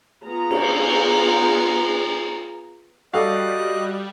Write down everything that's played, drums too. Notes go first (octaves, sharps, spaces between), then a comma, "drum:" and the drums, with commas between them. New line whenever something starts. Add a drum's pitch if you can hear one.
B3 F4 G#4 A#5
drum: cymbal
G3 F#4 A4 D5 D#5 F5 F#6